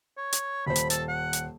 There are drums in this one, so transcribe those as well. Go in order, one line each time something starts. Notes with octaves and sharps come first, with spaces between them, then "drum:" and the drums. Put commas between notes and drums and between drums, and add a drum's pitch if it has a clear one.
C#5
drum: hi-hat
D#1 C5 B5
drum: hi-hat
A4, drum: hi-hat
F#5
drum: hi-hat